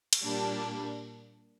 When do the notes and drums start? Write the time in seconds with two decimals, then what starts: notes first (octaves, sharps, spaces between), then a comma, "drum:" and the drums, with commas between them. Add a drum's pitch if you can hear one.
0.13 drum: cymbal
0.22 A#2 G3 A#3 D4